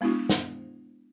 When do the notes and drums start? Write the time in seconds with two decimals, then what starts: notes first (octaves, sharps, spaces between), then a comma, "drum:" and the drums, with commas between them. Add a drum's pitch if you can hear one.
0.01 G#3 B3 D4 E4 F#4
0.29 drum: snare